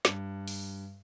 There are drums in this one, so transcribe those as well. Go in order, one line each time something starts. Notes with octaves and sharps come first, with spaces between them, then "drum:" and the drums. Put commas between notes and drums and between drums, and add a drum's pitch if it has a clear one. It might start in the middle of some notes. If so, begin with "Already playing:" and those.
G2, drum: snare
drum: open hi-hat